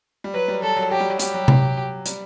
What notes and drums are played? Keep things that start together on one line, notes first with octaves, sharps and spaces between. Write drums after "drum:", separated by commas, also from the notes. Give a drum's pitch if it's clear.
G3
F#3 B4
G3
F#3 A4
F#3
F#3 G4
G3
F#3
G3 G4, drum: hi-hat
F#3
drum: tom C3
G3, drum: hi-hat